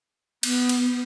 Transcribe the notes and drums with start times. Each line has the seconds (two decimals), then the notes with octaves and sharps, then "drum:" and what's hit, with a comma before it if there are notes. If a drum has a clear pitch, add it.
0.43 B3, drum: cymbal
0.69 drum: cymbal